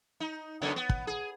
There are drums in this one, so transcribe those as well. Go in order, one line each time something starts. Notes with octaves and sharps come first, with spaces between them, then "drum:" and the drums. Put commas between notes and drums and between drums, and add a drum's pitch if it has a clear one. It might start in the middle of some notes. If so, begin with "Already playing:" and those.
D#4
F#2 C#3 B3
B3
drum: kick
G#4